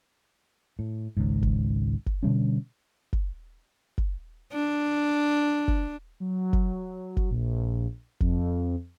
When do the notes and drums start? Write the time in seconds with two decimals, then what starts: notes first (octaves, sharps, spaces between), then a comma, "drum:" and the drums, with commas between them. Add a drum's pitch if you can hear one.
0.79 A2
1.17 G#1 C#2 G#2
1.43 drum: kick
2.06 drum: kick
2.23 B2 D3 G3 C#4
3.13 drum: kick
3.98 drum: kick
4.53 D4
5.68 drum: kick
6.20 F#3
6.53 drum: kick
7.17 drum: kick
7.30 A#1
8.20 F2, drum: kick